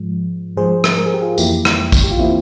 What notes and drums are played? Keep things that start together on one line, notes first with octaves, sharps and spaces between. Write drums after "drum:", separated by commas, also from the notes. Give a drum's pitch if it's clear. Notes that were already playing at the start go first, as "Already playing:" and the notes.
Already playing: G#2 F3 G#3
G#2 F3 G#3 G#4 C5
drum: rim click
A#4
G#4
G4
F4 G#4
F2 E3 A#3 E4 G4, drum: tambourine
drum: rim click
drum: kick, tambourine
G4
F4
E3 A#3 C4 E4